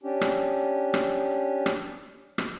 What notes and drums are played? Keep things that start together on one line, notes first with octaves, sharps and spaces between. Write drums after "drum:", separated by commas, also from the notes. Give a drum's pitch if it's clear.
C#4 D4 G4
drum: rim click
drum: rim click
drum: rim click
drum: rim click